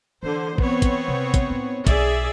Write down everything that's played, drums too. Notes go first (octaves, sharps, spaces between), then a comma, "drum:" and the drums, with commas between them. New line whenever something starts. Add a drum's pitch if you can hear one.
D3 E3 C5
B3 C4 C#5, drum: kick
drum: kick, hi-hat
C3
drum: kick, hi-hat
A2 D#4
B1 G#4 D5 E5, drum: kick, hi-hat